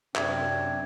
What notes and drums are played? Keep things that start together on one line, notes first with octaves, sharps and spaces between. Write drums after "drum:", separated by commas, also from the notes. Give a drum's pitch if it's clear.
F#2 C3 C4 D4 E5 G#6, drum: clap